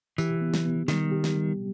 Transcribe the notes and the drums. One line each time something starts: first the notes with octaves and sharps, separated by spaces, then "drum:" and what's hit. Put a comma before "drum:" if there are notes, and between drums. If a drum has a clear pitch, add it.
E3 G4, drum: tambourine
B3
drum: snare
B3
D#3 G3, drum: snare
G4
drum: snare
G3